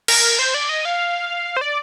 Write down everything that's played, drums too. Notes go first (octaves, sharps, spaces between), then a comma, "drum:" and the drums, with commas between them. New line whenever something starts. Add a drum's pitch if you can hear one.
A#4, drum: cymbal
C5
D5
D#5
F5
C5
D5